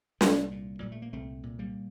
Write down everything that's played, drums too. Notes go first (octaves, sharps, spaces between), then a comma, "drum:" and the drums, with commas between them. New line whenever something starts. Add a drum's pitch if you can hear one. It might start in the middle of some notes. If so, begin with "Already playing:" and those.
C2 G3 A#3, drum: snare
A#2
A#2 G3
A3
A#3
C2 A3 C4
A#2
G3 A#3